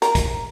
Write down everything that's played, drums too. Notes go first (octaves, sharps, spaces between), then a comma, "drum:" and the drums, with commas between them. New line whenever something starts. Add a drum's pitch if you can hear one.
A#4, drum: hi-hat
drum: kick, hi-hat